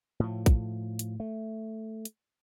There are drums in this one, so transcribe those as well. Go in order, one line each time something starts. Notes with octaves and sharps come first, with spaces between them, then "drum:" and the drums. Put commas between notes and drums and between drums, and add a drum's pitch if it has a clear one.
A2 F3
drum: kick, hi-hat
drum: hi-hat
A3
drum: hi-hat